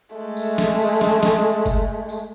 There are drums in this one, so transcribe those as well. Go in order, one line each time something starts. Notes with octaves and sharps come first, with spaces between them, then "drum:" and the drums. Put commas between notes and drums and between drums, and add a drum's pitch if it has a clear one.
G#3 A3
drum: tambourine
drum: snare
drum: tambourine
drum: snare
drum: snare
drum: kick, tambourine
drum: tambourine